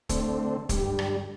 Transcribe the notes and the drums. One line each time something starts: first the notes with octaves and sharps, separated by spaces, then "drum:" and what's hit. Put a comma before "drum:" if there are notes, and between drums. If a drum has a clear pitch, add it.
D3 A3 C4, drum: kick, hi-hat
G2 D3 G3, drum: kick, hi-hat
drum: rim click